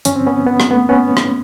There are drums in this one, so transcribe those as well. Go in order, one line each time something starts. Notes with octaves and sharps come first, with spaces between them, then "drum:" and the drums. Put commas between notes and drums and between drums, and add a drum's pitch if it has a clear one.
G2 D3 F3 C#4, drum: hi-hat
C4
B3 C#4
B3
A#3, drum: rim click
A3 B3
B3 C#4
drum: rim click